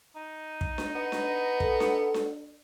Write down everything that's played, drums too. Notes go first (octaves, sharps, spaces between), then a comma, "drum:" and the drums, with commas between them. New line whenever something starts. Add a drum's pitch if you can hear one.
D#4
drum: kick
drum: snare D4
B3
drum: snare D4
A4, drum: kick
drum: snare D4
drum: snare D4